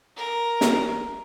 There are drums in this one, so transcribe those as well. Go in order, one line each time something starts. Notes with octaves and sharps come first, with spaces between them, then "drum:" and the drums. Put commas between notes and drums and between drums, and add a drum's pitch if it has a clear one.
A#4
drum: snare